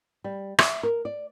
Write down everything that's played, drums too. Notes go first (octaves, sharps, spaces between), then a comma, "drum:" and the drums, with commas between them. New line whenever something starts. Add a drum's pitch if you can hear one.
G3
E5, drum: rim click
A#4
D5